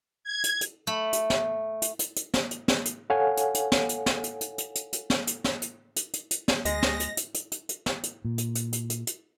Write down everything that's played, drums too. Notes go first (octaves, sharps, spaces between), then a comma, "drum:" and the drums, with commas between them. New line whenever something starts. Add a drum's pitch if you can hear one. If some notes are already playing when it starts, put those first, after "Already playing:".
G#6
drum: hi-hat
drum: hi-hat
A3 B5
drum: hi-hat
drum: snare
drum: hi-hat
drum: hi-hat
drum: hi-hat
drum: snare
drum: hi-hat
drum: snare
drum: hi-hat
A4 C#5 F5 F#5 G#5
drum: hi-hat
drum: hi-hat
drum: snare
drum: hi-hat
drum: snare
drum: hi-hat
drum: hi-hat
drum: hi-hat
drum: hi-hat
drum: hi-hat
drum: snare
drum: hi-hat
drum: snare
drum: hi-hat
drum: hi-hat
drum: hi-hat
drum: hi-hat
drum: snare
D2 G#3 D#5 A#6, drum: hi-hat
drum: snare
drum: hi-hat
drum: hi-hat
drum: hi-hat
drum: hi-hat
drum: hi-hat
drum: snare
drum: hi-hat
A#2
drum: hi-hat
drum: hi-hat
drum: hi-hat
drum: hi-hat
drum: hi-hat